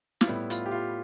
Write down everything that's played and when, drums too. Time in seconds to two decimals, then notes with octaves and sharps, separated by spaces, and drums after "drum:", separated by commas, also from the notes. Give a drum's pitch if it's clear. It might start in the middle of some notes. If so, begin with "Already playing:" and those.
0.21 F4, drum: snare
0.27 A2 G3 B3 E4
0.50 F4, drum: hi-hat
0.66 G4
0.71 F4